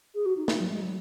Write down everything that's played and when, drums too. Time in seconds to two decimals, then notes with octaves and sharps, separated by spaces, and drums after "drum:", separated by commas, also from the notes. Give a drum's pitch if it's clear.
0.15 G#4
0.25 F#4
0.37 D#4
0.48 D#4, drum: snare
0.59 F#3
0.70 G#3
0.81 F#3